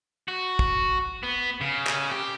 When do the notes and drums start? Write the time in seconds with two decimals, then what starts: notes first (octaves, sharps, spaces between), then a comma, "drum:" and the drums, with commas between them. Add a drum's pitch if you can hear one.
0.28 F#4
0.59 drum: kick
1.23 B3
1.61 C#3
1.87 drum: clap
2.11 G4